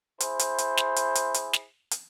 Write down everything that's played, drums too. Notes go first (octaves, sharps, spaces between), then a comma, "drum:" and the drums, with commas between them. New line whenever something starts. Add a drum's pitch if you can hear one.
E4 G#4 C5, drum: hi-hat
drum: hi-hat
drum: hi-hat
drum: snare
drum: hi-hat
drum: hi-hat
drum: hi-hat
drum: snare
drum: hi-hat